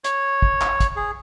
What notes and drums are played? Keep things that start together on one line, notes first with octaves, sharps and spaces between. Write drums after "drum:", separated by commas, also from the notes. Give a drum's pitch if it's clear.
C#5, drum: hi-hat
drum: kick
drum: clap
drum: kick, hi-hat
G#4